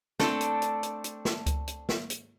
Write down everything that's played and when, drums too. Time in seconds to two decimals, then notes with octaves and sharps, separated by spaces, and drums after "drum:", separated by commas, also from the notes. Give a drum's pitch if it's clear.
0.19 A3 C4 D4 A4, drum: snare
0.41 drum: hi-hat
0.62 drum: hi-hat
0.83 drum: hi-hat
1.04 drum: hi-hat
1.25 drum: snare
1.46 drum: kick C#2, hi-hat
1.68 drum: hi-hat
1.89 drum: snare
2.10 drum: hi-hat